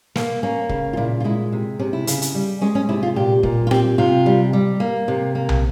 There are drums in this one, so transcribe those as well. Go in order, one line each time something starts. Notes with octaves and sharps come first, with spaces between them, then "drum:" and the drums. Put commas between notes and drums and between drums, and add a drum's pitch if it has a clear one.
A#3, drum: snare
A#3 C#4
C#3, drum: kick
F4
A#2 E4
F4
G#3 E4
C3
C3 C#4
E4
C#3, drum: hi-hat
drum: hi-hat
G3
G#3 C#4
C#4
C3 E4
F4
A#2 G4
A#2, drum: kick
F4
C4 G4, drum: rim click
C3 F4
G3
G3
A#3
C3
A#3
drum: tom